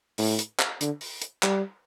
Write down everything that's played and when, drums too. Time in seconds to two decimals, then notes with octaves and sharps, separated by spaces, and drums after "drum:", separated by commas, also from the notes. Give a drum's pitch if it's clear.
0.18 A2, drum: open hi-hat
0.39 drum: hi-hat
0.60 drum: clap
0.81 D3, drum: hi-hat
1.01 drum: open hi-hat
1.22 drum: hi-hat
1.43 G3, drum: clap